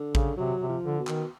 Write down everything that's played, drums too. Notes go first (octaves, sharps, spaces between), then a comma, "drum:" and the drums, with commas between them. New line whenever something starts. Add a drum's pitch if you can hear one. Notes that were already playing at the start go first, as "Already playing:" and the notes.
Already playing: D3
C#3, drum: kick A1
C3 F#3
C3
F3
D3
B2
D#3, drum: clap